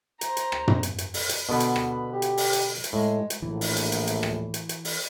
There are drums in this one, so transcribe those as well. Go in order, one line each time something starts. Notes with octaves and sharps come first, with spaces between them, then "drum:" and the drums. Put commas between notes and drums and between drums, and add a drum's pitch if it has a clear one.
C5 A#5, drum: hi-hat
drum: hi-hat
drum: rim click
drum: tom
drum: hi-hat
drum: hi-hat
drum: open hi-hat
drum: hi-hat
B2 D3 B3 B4
drum: hi-hat
drum: rim click
G4
drum: hi-hat
drum: open hi-hat
drum: hi-hat
drum: hi-hat
A2 G#3
drum: hi-hat
A#1 A2 E3
drum: open hi-hat
drum: hi-hat
drum: hi-hat
drum: hi-hat
drum: rim click
drum: hi-hat
drum: hi-hat
drum: open hi-hat